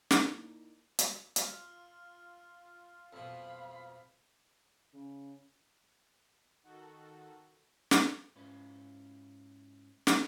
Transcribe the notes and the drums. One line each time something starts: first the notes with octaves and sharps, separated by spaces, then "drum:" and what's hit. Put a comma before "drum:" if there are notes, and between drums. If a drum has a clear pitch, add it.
A#3 D#4 E4 D5, drum: snare
drum: hi-hat
F4 E6 F6, drum: hi-hat
F2 B2 F5 B5
C#3
D#3 F#4 A4
drum: snare
G#2 C#4 E4 F4 B4
drum: snare